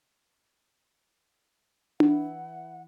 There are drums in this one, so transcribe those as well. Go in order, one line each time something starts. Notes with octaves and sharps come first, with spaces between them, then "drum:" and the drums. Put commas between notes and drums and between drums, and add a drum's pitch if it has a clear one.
E3 E4 F#5, drum: tom D4